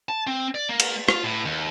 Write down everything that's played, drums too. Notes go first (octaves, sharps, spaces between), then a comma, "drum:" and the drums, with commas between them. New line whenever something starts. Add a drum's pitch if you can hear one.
A5
C4
D5
A#3
drum: cymbal
F4, drum: rim click
A2
D#2